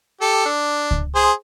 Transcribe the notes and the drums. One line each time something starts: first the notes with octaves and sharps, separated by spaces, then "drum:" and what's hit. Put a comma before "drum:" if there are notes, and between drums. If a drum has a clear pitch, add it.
G4 A4
D4
drum: kick C#2
G#4 C5